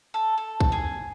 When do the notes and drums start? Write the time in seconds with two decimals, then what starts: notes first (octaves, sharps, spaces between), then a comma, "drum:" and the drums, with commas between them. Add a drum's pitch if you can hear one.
0.14 A4
0.38 A4
0.60 drum: kick
0.72 G#4